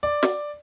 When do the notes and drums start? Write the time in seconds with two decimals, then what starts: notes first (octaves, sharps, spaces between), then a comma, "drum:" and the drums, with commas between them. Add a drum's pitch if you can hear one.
0.03 D5
0.23 drum: snare